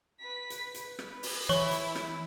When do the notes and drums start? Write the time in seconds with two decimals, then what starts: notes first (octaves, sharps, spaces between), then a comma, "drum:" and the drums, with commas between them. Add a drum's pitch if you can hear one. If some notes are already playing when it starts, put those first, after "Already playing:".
0.20 B4 B6
0.50 drum: hi-hat
0.74 B4, drum: hi-hat
0.99 drum: rim click
1.23 drum: open hi-hat
1.49 E3 E4 C#5 C#6
1.71 drum: hi-hat
1.95 drum: rim click